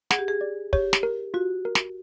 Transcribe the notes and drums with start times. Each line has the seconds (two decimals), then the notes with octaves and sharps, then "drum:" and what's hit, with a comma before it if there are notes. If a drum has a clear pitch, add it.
0.11 G#4 F#5, drum: snare
0.19 G4
0.28 G#4
0.41 D5
0.73 G4 C#5, drum: kick
0.93 drum: snare
1.03 A#4
1.34 F4 F#4
1.65 A#4
1.75 drum: snare